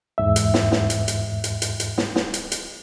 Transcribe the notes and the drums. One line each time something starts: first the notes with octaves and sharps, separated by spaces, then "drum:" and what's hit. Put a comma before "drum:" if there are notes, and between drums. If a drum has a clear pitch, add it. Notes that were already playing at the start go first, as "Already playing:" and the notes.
E2 G#2 E5
drum: hi-hat
drum: snare
drum: snare
drum: hi-hat
drum: hi-hat
drum: hi-hat
drum: hi-hat
drum: hi-hat
drum: snare
drum: snare
drum: hi-hat
drum: hi-hat